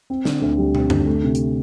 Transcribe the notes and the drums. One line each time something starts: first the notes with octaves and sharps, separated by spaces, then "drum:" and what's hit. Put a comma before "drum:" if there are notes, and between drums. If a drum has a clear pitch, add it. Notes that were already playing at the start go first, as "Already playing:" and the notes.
C4
D3, drum: snare
D2
G3
C4, drum: tom
D3, drum: tom F#2
A3
C3
drum: hi-hat